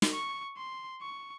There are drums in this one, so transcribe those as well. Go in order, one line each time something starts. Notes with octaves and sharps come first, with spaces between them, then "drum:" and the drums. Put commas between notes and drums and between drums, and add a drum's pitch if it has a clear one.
drum: snare
C#6
C6
C#6